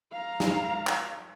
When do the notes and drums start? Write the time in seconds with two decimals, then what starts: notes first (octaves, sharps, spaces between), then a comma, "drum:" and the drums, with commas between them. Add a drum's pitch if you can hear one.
0.12 F5 A#5
0.40 drum: snare
0.87 drum: clap